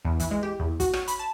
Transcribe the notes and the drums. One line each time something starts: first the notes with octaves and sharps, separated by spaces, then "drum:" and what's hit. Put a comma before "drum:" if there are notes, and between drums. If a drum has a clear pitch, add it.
E2
E3, drum: kick, hi-hat
G#3
G4
E2
F#4, drum: kick, hi-hat
C#5, drum: rim click
B5, drum: hi-hat
A5